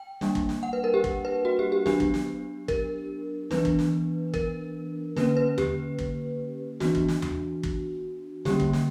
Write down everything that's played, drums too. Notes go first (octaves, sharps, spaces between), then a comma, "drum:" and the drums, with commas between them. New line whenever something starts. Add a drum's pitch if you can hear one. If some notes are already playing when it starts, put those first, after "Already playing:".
Already playing: G5
G3 A#3 D4, drum: snare
drum: kick
drum: snare
F#5
B4
A#4
G4
drum: kick
B4
F#4
G4
G4
F#3 B3 D4 G4, drum: snare
drum: kick
drum: snare
A#4, drum: kick
E3 B3 D4 B4, drum: snare
drum: kick
drum: snare
A#4, drum: kick
D3 A#3 C#4 B4, drum: snare
B4
G4, drum: tom D#2
drum: kick
E3 B3 D4 F#4, drum: snare
drum: kick
drum: snare
drum: tom D#2
drum: kick
D3 G3 A#3 C#4 G4, drum: snare
drum: kick
drum: snare